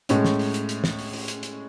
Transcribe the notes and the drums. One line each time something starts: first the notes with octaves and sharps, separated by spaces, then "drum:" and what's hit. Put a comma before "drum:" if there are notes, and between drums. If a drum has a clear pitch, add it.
A2 G#3 C#4, drum: hi-hat
drum: snare
drum: open hi-hat
drum: hi-hat
drum: hi-hat
drum: snare
drum: open hi-hat
drum: open hi-hat
drum: hi-hat
drum: hi-hat